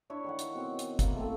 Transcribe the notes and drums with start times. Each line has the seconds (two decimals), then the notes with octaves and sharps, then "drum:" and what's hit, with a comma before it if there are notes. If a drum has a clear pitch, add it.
0.10 D4 E4 C#5 E5
0.24 D#3 C#5 F#5
0.39 drum: hi-hat
0.55 B2 C4
0.79 drum: hi-hat
0.99 A#3 E4, drum: kick, hi-hat
1.16 A3 C4